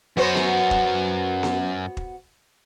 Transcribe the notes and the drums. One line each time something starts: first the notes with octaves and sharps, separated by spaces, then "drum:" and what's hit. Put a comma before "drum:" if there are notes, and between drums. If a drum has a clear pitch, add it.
F#2 B3 F#4 C5 C#5
drum: snare B3
drum: kick
drum: snare B3
drum: kick